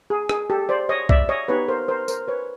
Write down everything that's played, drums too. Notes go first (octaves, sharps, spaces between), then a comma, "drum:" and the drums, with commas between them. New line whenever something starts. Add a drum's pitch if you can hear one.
G#4
G#4, drum: rim click
G4 A4
C5 D5
C#5 D#5
D5 E5, drum: kick
C#5 D#5
B3 D#4 G4 B4 C#5
A#4 C5
A#4 C5
A#4 C5, drum: tambourine
B4 C#5